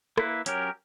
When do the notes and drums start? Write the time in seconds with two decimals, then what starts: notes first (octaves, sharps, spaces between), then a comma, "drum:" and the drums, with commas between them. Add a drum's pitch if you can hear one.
0.18 A#3 E4 B4, drum: rim click
0.46 F#3 C#4 G4 A#4, drum: hi-hat